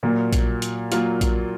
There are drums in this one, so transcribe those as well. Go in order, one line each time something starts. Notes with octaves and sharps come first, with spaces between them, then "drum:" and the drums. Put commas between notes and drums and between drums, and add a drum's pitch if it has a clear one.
A#2 F#3 A#3 F4
drum: kick A#1, hi-hat
drum: hi-hat
F#3 A#3 F4, drum: hi-hat
drum: kick A#1, hi-hat